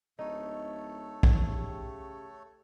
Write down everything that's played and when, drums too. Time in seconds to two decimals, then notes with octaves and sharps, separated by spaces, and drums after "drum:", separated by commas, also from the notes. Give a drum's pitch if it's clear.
0.19 D1 A3 D#4 A4 C#5
1.23 drum: kick
1.48 C#3 G4